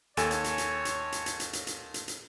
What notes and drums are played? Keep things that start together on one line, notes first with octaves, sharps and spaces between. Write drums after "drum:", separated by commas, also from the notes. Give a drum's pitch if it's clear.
D#2 A4 C#5 G#5, drum: hi-hat
drum: hi-hat
drum: hi-hat
drum: hi-hat
drum: hi-hat
drum: hi-hat
drum: hi-hat
drum: hi-hat
drum: hi-hat
drum: hi-hat
drum: hi-hat
drum: hi-hat